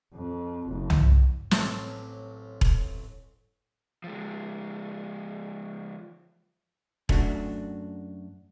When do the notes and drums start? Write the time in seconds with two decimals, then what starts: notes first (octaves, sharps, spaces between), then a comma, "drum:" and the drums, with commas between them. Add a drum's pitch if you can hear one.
0.14 F2
0.69 F#1
0.90 drum: tom
1.51 A1 F#3 C4 A5 D6, drum: snare
2.61 drum: kick E1
4.04 F3 G#3
7.09 F#2 A3 D4 F#4, drum: kick E1